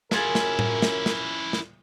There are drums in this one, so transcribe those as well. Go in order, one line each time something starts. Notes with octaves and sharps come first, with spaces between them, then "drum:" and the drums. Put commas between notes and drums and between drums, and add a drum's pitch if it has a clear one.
F#2 C#4 D4 E4 F4 G#4 A#4, drum: snare
drum: snare
drum: tom A2
drum: snare
drum: snare
drum: snare